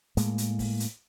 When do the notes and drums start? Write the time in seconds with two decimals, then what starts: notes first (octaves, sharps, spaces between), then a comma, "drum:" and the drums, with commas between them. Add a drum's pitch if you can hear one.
0.17 A2 G#3 A#3, drum: hi-hat
0.38 drum: hi-hat
0.59 drum: kick, open hi-hat
0.80 drum: hi-hat